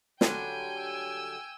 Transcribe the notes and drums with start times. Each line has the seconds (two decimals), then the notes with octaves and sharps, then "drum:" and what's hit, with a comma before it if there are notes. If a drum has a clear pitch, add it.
0.21 D3 F#3 G3 G5 G#5, drum: snare
0.81 E6